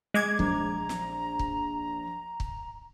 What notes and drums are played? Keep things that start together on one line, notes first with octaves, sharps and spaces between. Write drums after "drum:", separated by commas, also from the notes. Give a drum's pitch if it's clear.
G#3 D6 G#6
A#1 A#5, drum: kick
drum: snare
drum: kick
drum: kick